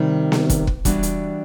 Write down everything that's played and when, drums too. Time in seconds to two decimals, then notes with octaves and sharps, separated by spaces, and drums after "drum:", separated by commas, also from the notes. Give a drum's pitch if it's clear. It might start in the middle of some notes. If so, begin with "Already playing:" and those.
Already playing: C3 D#3 G3
0.32 drum: snare B3
0.50 drum: kick, hi-hat
0.67 drum: kick
0.85 E3 G3 B3 D4 F#4, drum: kick, hi-hat
1.03 drum: hi-hat